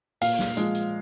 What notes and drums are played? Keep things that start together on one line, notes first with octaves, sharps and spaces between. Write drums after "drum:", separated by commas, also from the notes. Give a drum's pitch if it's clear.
A#2 F5, drum: open hi-hat
drum: snare
F3 G#3, drum: hi-hat
drum: hi-hat